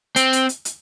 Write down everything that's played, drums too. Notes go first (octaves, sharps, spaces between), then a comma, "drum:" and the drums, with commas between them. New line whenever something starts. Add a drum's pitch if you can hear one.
C4, drum: hi-hat
drum: hi-hat
drum: hi-hat
drum: hi-hat